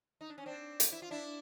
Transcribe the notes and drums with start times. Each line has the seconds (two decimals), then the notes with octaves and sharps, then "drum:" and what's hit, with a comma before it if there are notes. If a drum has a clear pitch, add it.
0.21 D#4
0.30 D4
0.38 C#4
0.46 C4 D4
0.80 drum: hi-hat
0.92 E4
1.02 F4
1.11 D4 E4